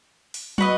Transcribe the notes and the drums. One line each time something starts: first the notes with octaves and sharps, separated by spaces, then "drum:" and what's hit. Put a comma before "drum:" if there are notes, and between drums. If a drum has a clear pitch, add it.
drum: open hi-hat
F#4 B4 D#5, drum: tom